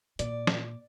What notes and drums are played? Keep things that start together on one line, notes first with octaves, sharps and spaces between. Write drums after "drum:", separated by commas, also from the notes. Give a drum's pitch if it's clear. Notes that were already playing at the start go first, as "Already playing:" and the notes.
A#2 D5, drum: hi-hat
drum: snare